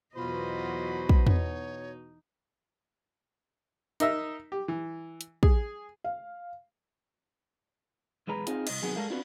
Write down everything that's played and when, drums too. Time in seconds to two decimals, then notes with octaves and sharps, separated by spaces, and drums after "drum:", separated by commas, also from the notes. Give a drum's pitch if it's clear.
0.16 E2 B2 F#3 F4 F#4 C5 D#5 B5
1.09 drum: kick
1.27 D#4 C#5, drum: tom E2
4.00 D#4 A#4 D#5 E5, drum: hi-hat
4.52 G4
4.68 E3
5.21 drum: hi-hat
5.43 G#4, drum: kick
6.04 F5
8.27 B1 E2 G#3 B4 A#5
8.47 C4 D#4 F4 G#4, drum: hi-hat
8.67 C2 D#5, drum: cymbal
8.82 C3 D#3 F#3 B3 G#4
8.96 G3 G#3 A4 A#4 F5
9.10 B3 C4 D4 F4 F#4 B4